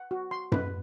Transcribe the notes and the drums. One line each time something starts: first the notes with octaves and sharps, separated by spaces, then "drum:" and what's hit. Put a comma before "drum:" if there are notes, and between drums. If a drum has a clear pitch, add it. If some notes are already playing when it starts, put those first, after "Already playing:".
Already playing: F#5
F#4
C6
B4, drum: tom F#2